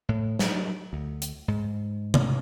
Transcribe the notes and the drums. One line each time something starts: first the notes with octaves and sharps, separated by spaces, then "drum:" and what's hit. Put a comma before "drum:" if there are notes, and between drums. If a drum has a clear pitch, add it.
A2
F#3, drum: snare
D2
drum: hi-hat
G#2
drum: tom C3